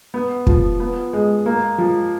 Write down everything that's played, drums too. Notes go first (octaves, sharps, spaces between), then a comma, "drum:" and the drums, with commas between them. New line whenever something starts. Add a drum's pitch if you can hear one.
B3
F3, drum: kick
B3
G#3
A#3
F3